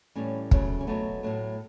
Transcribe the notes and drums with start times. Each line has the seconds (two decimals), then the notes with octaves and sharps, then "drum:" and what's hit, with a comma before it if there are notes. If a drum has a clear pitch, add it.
0.15 A2 E3 G3 C#4
0.51 E2 C#3 F#3 A3, drum: kick
0.80 C#4
0.87 B2 F#3 A3 B3
1.23 A2 F#3 A3